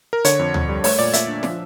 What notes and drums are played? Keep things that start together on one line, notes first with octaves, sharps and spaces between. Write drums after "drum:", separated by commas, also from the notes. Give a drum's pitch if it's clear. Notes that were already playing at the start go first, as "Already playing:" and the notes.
A#4
D3 C#5, drum: hi-hat
F2
F2, drum: tom D2
G3
A3 C#5, drum: open hi-hat
A#2 D5
A#2 E5, drum: hi-hat
D4
F3, drum: snare